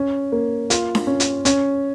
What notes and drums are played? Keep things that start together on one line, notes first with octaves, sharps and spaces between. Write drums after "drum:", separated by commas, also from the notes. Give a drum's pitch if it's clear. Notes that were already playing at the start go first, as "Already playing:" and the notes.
Already playing: C#4
A#3
F4, drum: hi-hat
drum: snare D4
C#4
drum: hi-hat
C#4, drum: hi-hat